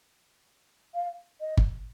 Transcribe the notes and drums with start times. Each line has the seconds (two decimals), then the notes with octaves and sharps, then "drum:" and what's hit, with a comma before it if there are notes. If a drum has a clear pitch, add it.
0.95 F5
1.41 D#5
1.57 drum: kick G1